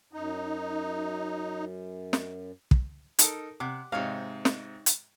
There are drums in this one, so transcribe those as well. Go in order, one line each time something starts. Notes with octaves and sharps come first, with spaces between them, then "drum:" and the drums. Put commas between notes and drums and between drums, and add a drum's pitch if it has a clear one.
F#2 D#4
drum: snare
drum: kick
D#4 A4 A#4, drum: hi-hat
C3 F#5 D6
G#2 C3 D#4 C#5 F5
drum: snare
drum: hi-hat